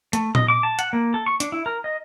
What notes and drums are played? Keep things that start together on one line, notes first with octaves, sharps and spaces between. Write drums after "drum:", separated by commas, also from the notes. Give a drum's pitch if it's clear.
A3, drum: hi-hat
D#5, drum: tom A#2
D6
A5
F#5, drum: hi-hat
A#3
A4
C#6
D4, drum: hi-hat
E4
A#4
D#5